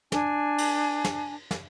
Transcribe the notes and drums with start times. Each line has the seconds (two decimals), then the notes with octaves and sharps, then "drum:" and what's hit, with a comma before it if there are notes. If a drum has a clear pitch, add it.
0.12 D4 G#5, drum: snare
0.58 drum: cymbal
1.04 drum: snare
1.51 drum: snare